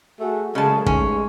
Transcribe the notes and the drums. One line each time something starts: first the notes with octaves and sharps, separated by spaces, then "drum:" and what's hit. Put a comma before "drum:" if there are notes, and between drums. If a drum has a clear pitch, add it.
A3 F#4 G#4
A#2 C#3 F#3 G#3 A3 A5
G2 A3 C#4 D#4, drum: kick